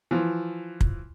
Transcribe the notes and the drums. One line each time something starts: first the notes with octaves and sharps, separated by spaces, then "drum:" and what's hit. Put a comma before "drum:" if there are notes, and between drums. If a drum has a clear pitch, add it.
E3 F3
drum: kick